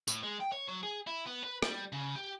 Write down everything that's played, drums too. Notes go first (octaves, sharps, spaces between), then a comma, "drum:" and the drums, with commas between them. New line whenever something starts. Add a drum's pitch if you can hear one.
A2, drum: tambourine
G#3
G5
C#5
F#3
G#4
E4
B3
B4
G3, drum: rim click
C#3
G4